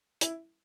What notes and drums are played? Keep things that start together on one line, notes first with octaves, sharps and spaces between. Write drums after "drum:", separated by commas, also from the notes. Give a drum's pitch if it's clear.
E4, drum: hi-hat